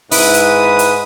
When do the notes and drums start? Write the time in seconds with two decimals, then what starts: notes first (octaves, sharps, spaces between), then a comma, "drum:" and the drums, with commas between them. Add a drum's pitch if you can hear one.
0.11 G#2 E4 B4 D#6, drum: open hi-hat
0.34 drum: hi-hat
0.79 drum: hi-hat